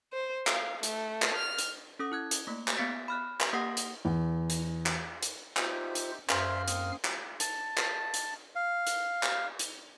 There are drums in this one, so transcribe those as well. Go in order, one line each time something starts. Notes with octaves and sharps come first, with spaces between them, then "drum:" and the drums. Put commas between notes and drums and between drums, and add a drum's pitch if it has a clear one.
C5
F5, drum: clap
A3, drum: hi-hat
drum: clap
F6
drum: hi-hat
C#4 A4 D#6
E4 F#6 G#6
drum: hi-hat
A3 A#3
drum: clap
B3 F5 A6 B6 D7
B5 F6 F#6
drum: clap
A#3 G4 F#5 D#6 A#6 C7
drum: hi-hat
E2
drum: hi-hat
drum: clap
drum: hi-hat
D#4 F4 G4 C5 E5, drum: clap
drum: hi-hat
F#2 C5 E5 F5 C6 F6, drum: clap
A#3 C4 D#6, drum: hi-hat
drum: clap
A5, drum: hi-hat
drum: clap
drum: hi-hat
F5
drum: hi-hat
drum: clap
drum: hi-hat